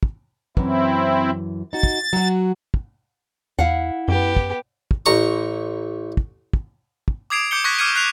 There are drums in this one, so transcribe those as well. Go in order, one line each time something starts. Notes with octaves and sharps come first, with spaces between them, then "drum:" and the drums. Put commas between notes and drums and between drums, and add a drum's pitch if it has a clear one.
drum: kick
F#2 E3 C4 E4, drum: kick
D#4 F#4 A6
drum: kick
F#3 F#4
drum: kick
E2 E4 F5 F#5
F#2 B3 G4
drum: kick
drum: kick
A1 A#5 C#6
drum: kick
drum: kick
drum: kick
D6 D#6 G#6 C7 D7 F7
D6 G6 C#7 G7
C#6 D6 F#6 G#6 A#6 B6
D6 F6 G#6 C#7 D#7
F#6 C7 F7